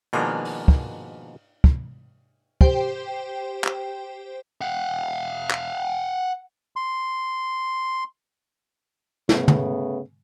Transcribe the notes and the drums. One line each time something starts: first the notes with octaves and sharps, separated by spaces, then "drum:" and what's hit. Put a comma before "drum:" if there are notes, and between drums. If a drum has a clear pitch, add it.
B2 D#3 F3 G#3 A#3 D4, drum: cymbal
drum: open hi-hat
drum: kick
drum: kick
G4 C5 G5, drum: kick
drum: clap
F5 F#5
drum: clap
C6
C#3 A3 B3, drum: snare
drum: tom